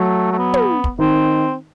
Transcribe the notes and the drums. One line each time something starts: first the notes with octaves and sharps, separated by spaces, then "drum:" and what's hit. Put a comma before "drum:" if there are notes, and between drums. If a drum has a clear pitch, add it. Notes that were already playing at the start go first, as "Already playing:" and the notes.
Already playing: F#3 A3 F#4
A3
B3
drum: tom
drum: kick
D#3 C4 D#4